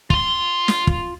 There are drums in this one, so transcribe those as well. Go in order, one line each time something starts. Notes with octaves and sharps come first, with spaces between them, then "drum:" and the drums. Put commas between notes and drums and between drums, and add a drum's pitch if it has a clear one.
F4 C6, drum: kick
drum: snare
drum: kick